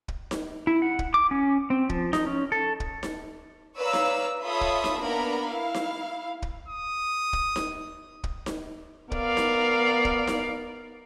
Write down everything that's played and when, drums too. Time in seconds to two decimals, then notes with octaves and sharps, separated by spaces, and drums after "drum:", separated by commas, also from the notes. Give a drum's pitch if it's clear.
0.08 drum: kick
0.31 drum: snare D#4
0.67 E4
0.82 F#5
0.99 drum: kick
1.14 D6
1.31 C#4
1.70 C4
1.89 F3, drum: kick
2.13 D#4, drum: snare D#4
2.27 C#4
2.52 A4
2.80 drum: kick
3.03 drum: snare D#4
3.77 B4 C#5 D5 F5 A#5 E6
3.93 drum: snare D#4
4.43 F4 A4 C#5 E5 B5 D#6
4.61 drum: kick
4.84 drum: snare D#4
5.02 A#3 B3 D4 A#4 A#5 B5
5.48 E4 F5
5.74 drum: snare D#4
6.42 drum: kick
6.68 D#6
7.33 drum: kick
7.56 drum: snare D#4
8.24 drum: kick
8.46 drum: snare D#4
9.12 B3 A#4 D5 F5, drum: kick
9.37 drum: snare D#4
10.05 drum: kick
10.27 drum: snare D#4